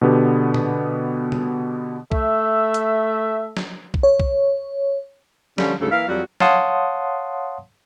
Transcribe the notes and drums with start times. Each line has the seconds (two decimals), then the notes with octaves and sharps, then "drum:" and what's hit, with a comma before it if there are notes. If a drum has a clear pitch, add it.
0.01 B2 D3 B3 G4
0.54 drum: tom A#2
1.32 drum: tom
2.12 A3 E5, drum: kick B1
2.74 drum: hi-hat
3.57 drum: snare
3.94 drum: kick B1
4.03 C#5
4.20 drum: kick B1
5.58 D3 F3 G3 C#4, drum: snare
5.80 D2 G#2 C#3 G3 A4
5.92 E3 A#3 E5 F5
6.08 F2 F#3 G3 F#4 D5 F#5
6.40 C#5 F5 F#5 A5 C6 D#6, drum: snare